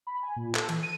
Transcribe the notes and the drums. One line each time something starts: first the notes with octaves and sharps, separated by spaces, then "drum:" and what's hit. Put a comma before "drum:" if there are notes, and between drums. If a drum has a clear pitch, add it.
B5
G#5
A#2
A4, drum: clap
E3, drum: cymbal
D#7